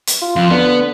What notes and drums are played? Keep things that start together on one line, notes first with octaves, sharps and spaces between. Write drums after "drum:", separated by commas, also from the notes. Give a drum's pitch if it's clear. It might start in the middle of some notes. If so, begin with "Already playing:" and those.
drum: hi-hat
F4
F2 F4
D3 B3